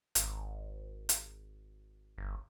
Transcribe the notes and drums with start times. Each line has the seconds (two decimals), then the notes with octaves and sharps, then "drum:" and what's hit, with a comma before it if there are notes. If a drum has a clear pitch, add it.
0.15 G#1, drum: hi-hat
1.09 drum: hi-hat
2.18 G1